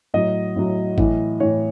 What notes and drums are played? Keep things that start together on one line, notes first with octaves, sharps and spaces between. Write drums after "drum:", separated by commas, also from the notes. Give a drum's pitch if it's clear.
A2 F#3 D#5
A2 F#3
A2 E3, drum: kick G#1
A2 E3 C#5